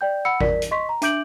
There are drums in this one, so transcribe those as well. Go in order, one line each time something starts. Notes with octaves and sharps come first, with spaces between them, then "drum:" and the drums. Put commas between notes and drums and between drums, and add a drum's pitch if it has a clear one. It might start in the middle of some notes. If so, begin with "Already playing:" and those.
D5 G5 G6
F#5 B5 E6 C#7
A#4 D5 B6, drum: kick G#1
drum: hi-hat
D#5 C6 C#6 B6
A#5
D4 E5 D6 G6 D7 F#7, drum: hi-hat